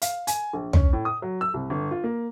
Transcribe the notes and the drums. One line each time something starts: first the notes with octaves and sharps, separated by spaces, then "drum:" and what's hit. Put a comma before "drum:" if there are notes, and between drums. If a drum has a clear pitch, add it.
F5, drum: hi-hat
G#5, drum: hi-hat
A#1
C#4, drum: tom
A2
D#6
F#3
E6
C2
G1
F4
A#3